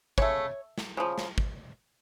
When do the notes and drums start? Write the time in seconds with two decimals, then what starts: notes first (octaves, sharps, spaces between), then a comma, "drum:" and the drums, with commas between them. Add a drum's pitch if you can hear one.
0.18 C#3 A3 C#5, drum: kick
0.78 drum: snare
0.97 C#3 F3
1.18 drum: snare
1.38 drum: kick